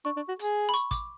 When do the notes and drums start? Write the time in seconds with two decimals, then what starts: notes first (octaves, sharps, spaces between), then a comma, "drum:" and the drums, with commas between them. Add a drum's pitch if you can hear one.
0.05 D4 C#6
0.16 D4
0.28 F#4
0.39 G#4, drum: hi-hat
0.69 B5
0.74 C#6, drum: hi-hat
0.91 D6, drum: kick, hi-hat